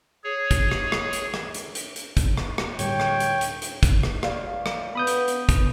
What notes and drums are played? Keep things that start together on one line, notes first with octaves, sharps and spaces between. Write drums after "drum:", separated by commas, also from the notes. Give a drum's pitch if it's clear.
G#4 C#5
drum: kick, hi-hat
drum: rim click
drum: rim click
drum: hi-hat
drum: rim click
drum: hi-hat
drum: hi-hat
drum: hi-hat
drum: kick, hi-hat
drum: rim click
drum: rim click
D2 A2 G3 C#5 G5, drum: hi-hat
drum: rim click
drum: hi-hat
drum: hi-hat
drum: hi-hat
drum: kick, hi-hat
drum: rim click
D5 F5, drum: rim click
drum: rim click
B3 B5 D#6 G6
drum: hi-hat
drum: hi-hat
drum: kick, hi-hat